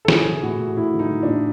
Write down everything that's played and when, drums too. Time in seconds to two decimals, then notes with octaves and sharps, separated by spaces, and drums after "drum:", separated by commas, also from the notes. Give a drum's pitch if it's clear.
0.05 A4
0.08 E3 G#4, drum: snare
0.26 E3
0.42 A2 F#4
0.60 A2
0.77 A2 E4
0.94 E3
0.99 D#4
1.11 E3
1.23 D4
1.28 A2